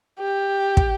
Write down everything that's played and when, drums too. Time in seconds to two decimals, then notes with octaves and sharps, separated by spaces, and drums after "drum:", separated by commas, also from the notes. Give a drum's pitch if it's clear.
0.19 G4
0.77 drum: kick